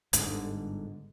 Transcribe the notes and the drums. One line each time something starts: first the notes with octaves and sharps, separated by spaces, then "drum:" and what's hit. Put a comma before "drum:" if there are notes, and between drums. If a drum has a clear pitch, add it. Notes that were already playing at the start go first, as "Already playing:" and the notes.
G1 G#2 B2 D3, drum: hi-hat